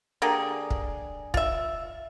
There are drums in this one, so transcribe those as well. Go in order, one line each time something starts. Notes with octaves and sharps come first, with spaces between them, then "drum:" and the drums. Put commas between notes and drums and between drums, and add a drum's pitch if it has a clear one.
D3 A#3 G4 G#4
drum: kick
F4 E5, drum: kick